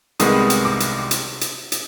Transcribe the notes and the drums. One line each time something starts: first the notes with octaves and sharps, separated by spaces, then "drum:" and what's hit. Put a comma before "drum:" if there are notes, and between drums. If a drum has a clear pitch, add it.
C2 C3 D#3 G#3 B3 D#6, drum: hi-hat
drum: hi-hat
D6
drum: hi-hat
drum: hi-hat
drum: hi-hat
drum: hi-hat